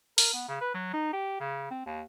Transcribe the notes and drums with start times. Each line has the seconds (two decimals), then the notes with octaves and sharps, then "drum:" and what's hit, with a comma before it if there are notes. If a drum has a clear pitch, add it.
0.18 A#4, drum: open hi-hat
0.33 B3
0.48 C#3
0.61 B4
0.74 F#3
0.93 D#4
1.13 G4
1.41 C#3
1.71 C4
1.86 D#2